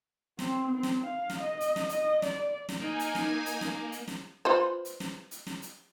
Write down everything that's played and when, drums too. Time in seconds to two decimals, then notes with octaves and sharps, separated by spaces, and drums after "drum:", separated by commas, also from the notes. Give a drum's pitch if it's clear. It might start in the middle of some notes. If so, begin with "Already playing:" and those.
0.39 C4, drum: snare
0.74 C4
0.83 drum: snare
1.06 F5
1.30 drum: snare
1.39 D#5
1.60 drum: hi-hat
1.76 drum: snare
1.89 D#5, drum: hi-hat
2.22 D5, drum: snare
2.69 drum: snare
2.81 A#3 D#4 G#5
2.99 drum: hi-hat
3.15 drum: snare
3.46 drum: hi-hat
3.61 drum: snare
3.92 drum: hi-hat
4.08 drum: snare
4.45 F4 B4 C5
4.85 drum: hi-hat
5.00 drum: snare
5.31 drum: hi-hat
5.47 drum: snare
5.62 drum: hi-hat